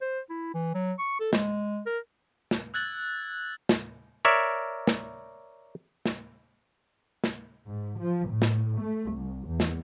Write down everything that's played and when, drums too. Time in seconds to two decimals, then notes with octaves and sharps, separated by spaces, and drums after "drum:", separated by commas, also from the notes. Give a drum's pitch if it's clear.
0.01 C5
0.30 E4
0.54 E3
0.75 F#3
0.99 C#6
1.20 A4
1.33 G#3, drum: snare
1.86 A#4
2.51 drum: snare
2.74 E6 F#6 G#6 A6 F#7
3.69 drum: snare
4.25 A#4 C#5 D5 E5
4.87 drum: snare
6.06 drum: snare
7.24 drum: snare
7.67 G#2
7.99 F3
8.29 A2
8.42 drum: snare
8.78 A3
9.09 C2
9.47 E2
9.60 drum: snare